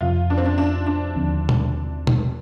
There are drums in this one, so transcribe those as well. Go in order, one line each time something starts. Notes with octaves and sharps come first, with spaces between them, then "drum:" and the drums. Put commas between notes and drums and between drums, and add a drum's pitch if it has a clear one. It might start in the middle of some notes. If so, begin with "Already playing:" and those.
F2 C3 F3 F4
D4
C4
D4
D4
D4
D#2 D3 F3 C4
drum: tom B2
drum: tom B2